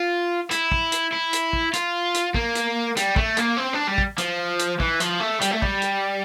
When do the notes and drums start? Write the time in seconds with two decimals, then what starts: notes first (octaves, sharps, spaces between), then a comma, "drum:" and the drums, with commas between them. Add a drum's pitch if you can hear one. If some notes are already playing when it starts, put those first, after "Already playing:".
Already playing: F4
0.51 E4, drum: hi-hat
0.72 drum: kick
0.92 drum: hi-hat
1.12 E4
1.33 drum: hi-hat
1.53 drum: kick
1.73 F4, drum: hi-hat
2.14 drum: hi-hat
2.34 A#3, drum: kick
2.55 drum: hi-hat
2.97 G3, drum: hi-hat
3.16 A3, drum: kick
3.37 A#3, drum: hi-hat
3.57 C4
3.73 D4
3.87 G3
3.98 drum: kick
4.18 F3, drum: hi-hat
4.59 drum: hi-hat
4.80 E3, drum: kick
5.00 F3, drum: hi-hat
5.21 A3
5.41 G3, drum: hi-hat
5.52 A3
5.62 G3, drum: kick
5.82 drum: hi-hat